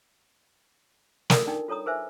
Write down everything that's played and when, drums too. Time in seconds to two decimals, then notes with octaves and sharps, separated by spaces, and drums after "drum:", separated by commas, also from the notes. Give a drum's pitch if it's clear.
1.30 F4 A4 A#4 D5, drum: snare
1.47 D4 D#4 G5
1.68 F4 A4 C#5 A#5 D#6
1.86 G#4 B4 C5 E5 G#5